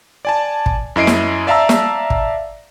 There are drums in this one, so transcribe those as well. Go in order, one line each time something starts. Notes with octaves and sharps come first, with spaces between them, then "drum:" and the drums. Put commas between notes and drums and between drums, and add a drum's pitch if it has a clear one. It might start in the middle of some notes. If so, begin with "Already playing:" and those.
D5 G#5 A5
drum: kick
F#2 E4 D#5 C7 D7
drum: snare
D5 E5 F5 A5 A#5 E6
drum: snare
drum: kick